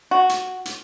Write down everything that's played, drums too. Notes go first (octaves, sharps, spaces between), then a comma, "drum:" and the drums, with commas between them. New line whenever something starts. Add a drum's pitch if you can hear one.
F#4
drum: hi-hat
drum: hi-hat